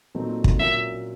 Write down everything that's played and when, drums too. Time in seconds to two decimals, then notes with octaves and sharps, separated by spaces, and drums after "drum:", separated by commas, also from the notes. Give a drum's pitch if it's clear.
0.14 A#2 F#3 A3 C4 D#4
0.44 drum: kick
0.59 A#2 F#3 A#3 C#4 F#4 E5